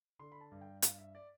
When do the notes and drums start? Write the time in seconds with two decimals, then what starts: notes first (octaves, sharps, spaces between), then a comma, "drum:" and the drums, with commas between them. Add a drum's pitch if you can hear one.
0.19 D3 C6
0.32 B5
0.41 A5
0.51 G2
0.61 G5
0.82 G2 F5, drum: hi-hat
0.98 E5
1.15 D5